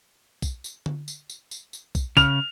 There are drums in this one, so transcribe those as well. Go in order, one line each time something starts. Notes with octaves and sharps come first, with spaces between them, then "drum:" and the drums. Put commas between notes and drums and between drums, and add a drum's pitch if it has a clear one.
drum: kick, tambourine
drum: tambourine
drum: tom D3
drum: tambourine
drum: tambourine
drum: tambourine
drum: tambourine
drum: kick, tambourine
C#3 F6 F7, drum: kick, tambourine